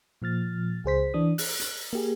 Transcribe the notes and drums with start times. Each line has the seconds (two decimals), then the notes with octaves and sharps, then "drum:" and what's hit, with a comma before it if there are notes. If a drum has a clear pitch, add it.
0.22 A#2 F3 F6 A6
0.84 C#2 G#4 C5 B6
1.14 E3 D4 D#6
1.38 F#6, drum: open hi-hat
1.60 drum: hi-hat
1.93 A#3 G4 G#4